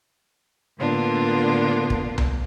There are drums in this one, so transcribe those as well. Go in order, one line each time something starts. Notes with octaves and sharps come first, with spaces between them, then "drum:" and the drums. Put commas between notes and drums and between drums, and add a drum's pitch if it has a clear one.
A2 D3 A#3 B3 D4 F4
drum: kick
drum: tom C2